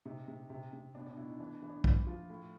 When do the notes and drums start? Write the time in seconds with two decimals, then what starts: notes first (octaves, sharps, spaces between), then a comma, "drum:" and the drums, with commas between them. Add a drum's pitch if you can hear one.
0.05 C3 D#4
0.28 C3
0.50 C3
0.73 C3
0.95 B2 D4
1.06 D4
1.17 B2 E4
1.29 D#4
1.40 E3 D4
1.62 E3
1.69 D4
1.84 F3 E4, drum: kick
2.07 F3 F4
2.29 A2